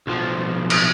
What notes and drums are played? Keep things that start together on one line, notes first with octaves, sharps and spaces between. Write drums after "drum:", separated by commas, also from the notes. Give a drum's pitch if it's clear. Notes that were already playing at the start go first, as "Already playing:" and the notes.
B1 F3
drum: cymbal